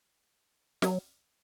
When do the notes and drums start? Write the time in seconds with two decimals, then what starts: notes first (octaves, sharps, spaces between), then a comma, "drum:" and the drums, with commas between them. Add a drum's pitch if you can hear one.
0.82 F#3, drum: snare